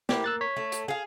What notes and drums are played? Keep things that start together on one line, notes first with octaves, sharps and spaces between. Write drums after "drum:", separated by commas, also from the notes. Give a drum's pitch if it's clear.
A#3 E4 G4, drum: snare
E6 F#6 A6
C#5 B6
A3
drum: hi-hat
G#4 F5